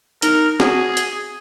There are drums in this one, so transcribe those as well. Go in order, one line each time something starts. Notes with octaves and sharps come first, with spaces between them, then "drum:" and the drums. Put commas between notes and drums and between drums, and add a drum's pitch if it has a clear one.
D#4 A#4, drum: hi-hat
F#4 G#4, drum: snare
drum: hi-hat